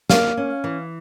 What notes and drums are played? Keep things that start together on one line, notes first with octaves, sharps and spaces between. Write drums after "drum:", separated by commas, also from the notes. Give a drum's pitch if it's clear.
A#3 F5, drum: snare
C#4
E3